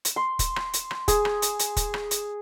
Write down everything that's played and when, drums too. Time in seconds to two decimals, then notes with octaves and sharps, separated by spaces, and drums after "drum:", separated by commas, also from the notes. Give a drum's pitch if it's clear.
0.05 drum: hi-hat
0.16 C6
0.39 drum: kick, hi-hat
0.56 drum: rim click
0.73 drum: hi-hat
0.91 drum: rim click
1.08 G#4, drum: kick, hi-hat
1.25 drum: rim click
1.42 drum: hi-hat
1.59 drum: hi-hat
1.76 drum: kick, hi-hat
1.94 drum: rim click
2.11 drum: hi-hat